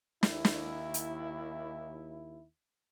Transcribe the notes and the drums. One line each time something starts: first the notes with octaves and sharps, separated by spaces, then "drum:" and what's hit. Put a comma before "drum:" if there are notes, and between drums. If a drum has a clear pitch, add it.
D#2 E4, drum: snare
drum: snare
drum: hi-hat